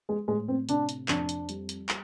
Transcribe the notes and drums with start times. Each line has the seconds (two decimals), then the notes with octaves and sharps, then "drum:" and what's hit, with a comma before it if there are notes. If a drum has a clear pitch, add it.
0.09 G#3
0.28 A2 G#3
0.48 C4
0.69 C3 D4, drum: hi-hat
0.89 drum: hi-hat
1.08 F2 D4, drum: clap
1.29 drum: hi-hat
1.49 G3, drum: hi-hat
1.69 drum: hi-hat
1.89 G3, drum: clap